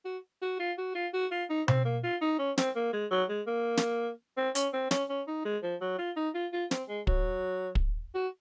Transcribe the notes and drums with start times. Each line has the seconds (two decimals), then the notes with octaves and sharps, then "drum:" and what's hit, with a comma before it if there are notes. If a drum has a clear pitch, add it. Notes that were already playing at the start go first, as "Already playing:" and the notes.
0.05 F#4
0.42 F#4
0.60 F4
0.78 F#4
0.95 F4
1.14 F#4
1.31 F4
1.50 D#4
1.68 C4, drum: tom B2
1.85 A#3
2.04 F4
2.21 D#4
2.39 C#4
2.58 C4, drum: snare
2.76 A#3
2.93 G#3
3.11 F#3
3.29 G#3
3.47 A#3
3.77 drum: snare
4.37 C4
4.55 C#4, drum: hi-hat
4.73 C4
4.91 C#4, drum: snare
5.09 C#4
5.27 D#4
5.45 G#3
5.63 F3
5.81 F#3
5.98 F4
6.17 D#4
6.35 F4
6.53 F4
6.71 C4, drum: snare
6.89 G#3
7.07 F#3, drum: kick
7.75 drum: kick
8.15 F#4